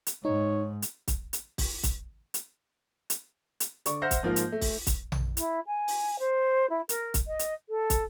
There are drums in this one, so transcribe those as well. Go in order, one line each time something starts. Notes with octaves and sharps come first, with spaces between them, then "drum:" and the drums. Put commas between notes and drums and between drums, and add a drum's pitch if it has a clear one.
drum: hi-hat
G#2 D#4 C#5
drum: hi-hat
drum: kick, hi-hat
drum: hi-hat
drum: kick, open hi-hat
drum: kick, hi-hat
drum: hi-hat
drum: hi-hat
drum: hi-hat
D3 D5 C#6, drum: hi-hat
C5 E5 F#5 F6 G6 A#6
drum: kick, hi-hat
G#2 F3 A#3 F4
drum: hi-hat
A3
drum: kick, open hi-hat
drum: kick, hi-hat
drum: tom A#1
E4, drum: hi-hat
G#5
drum: open hi-hat
C5
E4
A#4, drum: hi-hat
drum: kick, hi-hat
D#5
drum: hi-hat
A4
drum: kick, hi-hat